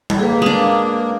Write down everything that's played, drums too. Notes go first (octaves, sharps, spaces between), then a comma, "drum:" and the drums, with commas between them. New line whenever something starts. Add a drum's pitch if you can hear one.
drum: tom G3
A#3 G#4 B4
G#3 D4